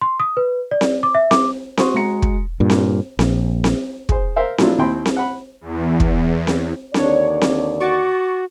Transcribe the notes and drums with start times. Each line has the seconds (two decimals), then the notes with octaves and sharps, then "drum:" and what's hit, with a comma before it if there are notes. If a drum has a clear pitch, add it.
0.01 C6
0.20 D#6
0.37 B4
0.71 D5
0.81 drum: snare C4
1.03 D6
1.15 E5
1.31 D6, drum: snare C4
1.77 F#4 C5 C6 C#6 D#6, drum: snare C4
1.94 G#3 F#4 A#5 C#7
2.22 drum: kick
2.60 G2 A#2
2.70 drum: snare C4
3.19 A#1, drum: snare C4
3.64 drum: snare C4
4.09 G#4 C5, drum: kick
4.36 A#4 C5 E5 F5
4.58 F3 F#3 A3 D4 E4 F4, drum: snare C4
4.78 D#2 C4 E4 G5 B5 C6
5.06 drum: snare C4
5.17 F#5 B5
5.61 E2
6.00 drum: kick
6.47 drum: snare C4
6.94 D#2 D3 D4 C#5 D5, drum: snare C4
7.41 drum: snare C4
7.80 F#4 C#6 D6 A6